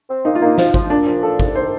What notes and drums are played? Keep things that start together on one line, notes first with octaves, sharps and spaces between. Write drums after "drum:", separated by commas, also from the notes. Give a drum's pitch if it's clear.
C4
A#3 D#4
F4
A#3 D#4
F3 F4, drum: snare
F3, drum: kick
A#2 D4
F3
A#2 A4
C2, drum: kick
D#3 C5